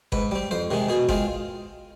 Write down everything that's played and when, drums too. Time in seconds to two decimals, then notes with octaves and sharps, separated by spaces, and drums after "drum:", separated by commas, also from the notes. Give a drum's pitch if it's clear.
0.12 G#2 B4, drum: kick G1
0.31 G3 C4
0.51 F2 C5
0.71 C3 D#3 G#3
0.89 B2 G#4
1.09 G#3 C4 F4, drum: kick G1